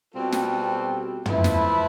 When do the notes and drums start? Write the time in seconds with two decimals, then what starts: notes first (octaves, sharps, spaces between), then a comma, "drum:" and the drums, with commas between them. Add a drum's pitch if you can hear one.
0.14 B2 G3 C4 F4 A4
0.32 drum: snare
1.26 F3 A3 E4 B4, drum: tom
1.44 drum: snare